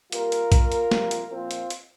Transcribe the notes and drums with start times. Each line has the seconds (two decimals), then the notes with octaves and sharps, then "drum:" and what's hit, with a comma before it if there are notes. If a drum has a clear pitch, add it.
0.12 C3 G3 A#3 F4 A#4, drum: hi-hat
0.32 drum: hi-hat
0.52 A#2 A#3, drum: kick A#1, hi-hat
0.72 drum: hi-hat
0.91 F2 C3 G3 A#3, drum: snare
1.11 drum: hi-hat
1.31 A#2 F3 A#3 C4 F4
1.51 drum: hi-hat
1.70 drum: hi-hat